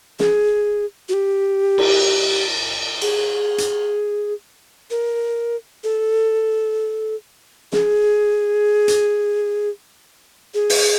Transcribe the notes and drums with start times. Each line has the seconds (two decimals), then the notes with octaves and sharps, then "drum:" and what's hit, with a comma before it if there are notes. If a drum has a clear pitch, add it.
0.19 G#4, drum: snare
1.09 F#4
1.13 G4
1.78 drum: cymbal
3.01 G#4, drum: cymbal
3.58 drum: hi-hat
4.90 A#4
5.84 A4
7.72 G#4, drum: snare
8.88 drum: hi-hat
10.54 G#4
10.70 drum: open hi-hat